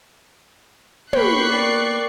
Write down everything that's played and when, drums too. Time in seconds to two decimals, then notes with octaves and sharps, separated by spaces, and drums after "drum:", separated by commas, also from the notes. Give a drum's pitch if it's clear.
1.13 A#3 B3 G5 B5 C#6 F#6 C7, drum: tom
1.50 A#4 D5 G5